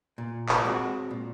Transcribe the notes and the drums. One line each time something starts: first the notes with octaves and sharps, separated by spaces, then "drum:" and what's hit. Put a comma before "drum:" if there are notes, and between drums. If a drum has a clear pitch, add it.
A#2
drum: clap
G#3 C4 F#4
A#2